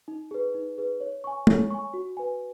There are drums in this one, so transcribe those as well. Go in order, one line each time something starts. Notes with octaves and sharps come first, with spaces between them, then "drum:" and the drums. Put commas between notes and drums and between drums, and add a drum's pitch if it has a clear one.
D#4
G#4 B4
D#4
G#4 B4
C#5
G#5 C#6
C#5, drum: tom G#3
G#5 C#6
F#4
B4 G#5